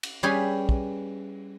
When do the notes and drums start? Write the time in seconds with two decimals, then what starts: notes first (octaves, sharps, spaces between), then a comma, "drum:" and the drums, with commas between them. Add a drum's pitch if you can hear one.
0.03 drum: cymbal
0.23 G3 C#4 G4 G#4 B4 G#5
0.69 drum: kick